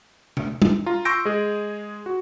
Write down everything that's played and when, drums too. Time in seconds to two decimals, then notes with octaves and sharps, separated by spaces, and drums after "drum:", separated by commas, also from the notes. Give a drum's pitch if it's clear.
0.37 drum: tom C3
0.62 drum: tom
0.86 F4 A#5
1.05 C6 C#6 E6 G6 A#6 D7
1.25 G#3 G#4
2.06 F#4